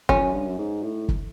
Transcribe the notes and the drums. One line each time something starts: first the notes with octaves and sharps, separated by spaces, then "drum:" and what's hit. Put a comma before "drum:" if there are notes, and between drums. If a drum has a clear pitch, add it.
F2 C#4, drum: kick
F#2
G2
F#2
G#2
A2
drum: kick